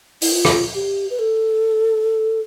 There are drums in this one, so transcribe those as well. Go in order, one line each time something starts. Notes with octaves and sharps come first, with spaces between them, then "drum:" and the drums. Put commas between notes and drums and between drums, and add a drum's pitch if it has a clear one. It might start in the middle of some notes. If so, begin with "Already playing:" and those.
E4, drum: open hi-hat
F4
drum: rim click
G4
B4
A4